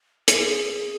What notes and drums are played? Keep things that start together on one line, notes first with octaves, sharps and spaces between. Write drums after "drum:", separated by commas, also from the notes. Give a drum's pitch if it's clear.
G#4, drum: hi-hat